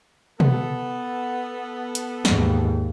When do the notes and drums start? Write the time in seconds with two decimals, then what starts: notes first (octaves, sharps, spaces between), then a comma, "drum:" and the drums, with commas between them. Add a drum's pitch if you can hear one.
0.40 B3 A4, drum: tom B2
1.95 drum: hi-hat
2.25 D#2 G#2, drum: snare